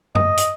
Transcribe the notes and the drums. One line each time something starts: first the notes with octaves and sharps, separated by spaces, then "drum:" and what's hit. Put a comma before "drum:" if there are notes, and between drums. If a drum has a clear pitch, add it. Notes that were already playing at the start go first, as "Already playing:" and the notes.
D#5, drum: tom F#2
drum: hi-hat